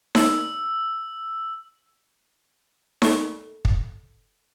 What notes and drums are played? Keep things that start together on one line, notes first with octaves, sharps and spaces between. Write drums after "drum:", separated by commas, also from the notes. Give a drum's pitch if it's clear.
E6, drum: snare D#4
A4 C#6, drum: snare D#4
drum: kick